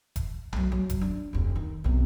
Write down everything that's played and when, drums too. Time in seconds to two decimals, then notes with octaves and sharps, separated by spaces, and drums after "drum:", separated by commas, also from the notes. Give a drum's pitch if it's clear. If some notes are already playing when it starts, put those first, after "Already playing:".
0.16 drum: kick F1, hi-hat
0.53 F#3 A3, drum: tom B1
0.72 F#3
0.90 drum: kick F1, hi-hat
1.01 A3 D4
1.33 F1 D2
1.56 D#3
1.84 B1 C3